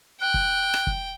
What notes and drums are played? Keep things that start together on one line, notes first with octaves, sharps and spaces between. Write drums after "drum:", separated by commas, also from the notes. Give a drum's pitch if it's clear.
G5 F#6
drum: kick
drum: rim click
drum: kick